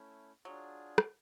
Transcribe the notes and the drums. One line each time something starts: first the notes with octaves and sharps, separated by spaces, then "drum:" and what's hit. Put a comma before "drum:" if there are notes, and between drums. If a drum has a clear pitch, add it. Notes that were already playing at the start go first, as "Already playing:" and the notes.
Already playing: A3 C#4 E4
F#3 D4 F4 G#4
drum: rim click